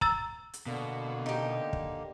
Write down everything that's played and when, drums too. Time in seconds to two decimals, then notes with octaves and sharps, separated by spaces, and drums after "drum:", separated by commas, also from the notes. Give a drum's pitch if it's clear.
0.01 A#5 E6 A6, drum: kick
0.53 drum: hi-hat
0.66 B2 D3 A#3
1.26 D#4 G4
1.73 drum: kick